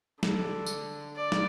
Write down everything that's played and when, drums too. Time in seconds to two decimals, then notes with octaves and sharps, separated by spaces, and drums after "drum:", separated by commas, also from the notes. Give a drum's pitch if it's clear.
0.23 D3, drum: snare
0.66 drum: tambourine
1.16 D5
1.32 drum: snare